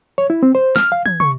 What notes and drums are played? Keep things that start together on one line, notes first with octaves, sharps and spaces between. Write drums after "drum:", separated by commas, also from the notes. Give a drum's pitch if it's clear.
C#5
E4
C4
C5
F6, drum: snare
F5
G#6, drum: tom
C#6, drum: tom